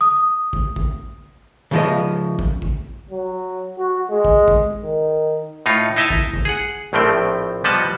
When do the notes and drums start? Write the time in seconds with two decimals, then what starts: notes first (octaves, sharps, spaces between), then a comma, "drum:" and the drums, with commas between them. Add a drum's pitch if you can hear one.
0.01 D#6
0.53 drum: kick
0.76 drum: kick
1.71 C#3 F3 D#5
2.39 drum: kick
2.62 drum: kick
3.11 F#3
3.78 F#4
4.10 G#3
4.25 drum: kick
4.48 drum: kick
4.83 D#3
5.66 A2 D#4 F4 C#5
5.96 D#4 E4 D#5 E5 A5 A#5
6.10 drum: kick
6.34 drum: kick
6.45 G#4 F#5
6.93 A#1 A2 F3 A3 C4 G5
7.64 F3 G3 B3 D#5 F#5 A5